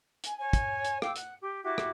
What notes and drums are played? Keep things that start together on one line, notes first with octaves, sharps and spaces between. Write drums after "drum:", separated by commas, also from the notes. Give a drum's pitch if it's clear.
G#5, drum: hi-hat
C#5 G#5
drum: kick, hi-hat
drum: hi-hat
F5 G5 D6 E6, drum: rim click
F#5, drum: hi-hat
G4
E4 F#4 G4 D6
drum: rim click